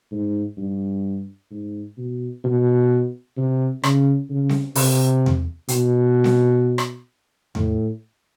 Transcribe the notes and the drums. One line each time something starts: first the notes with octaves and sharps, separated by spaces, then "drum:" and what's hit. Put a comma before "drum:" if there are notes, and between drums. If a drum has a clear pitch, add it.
G#2
G2
G#2
B2
B2
C3
C#3, drum: rim click
C#3
drum: snare C4
C3, drum: open hi-hat
drum: tom E2
B2, drum: hi-hat
drum: snare C4
drum: rim click
A2, drum: tom E2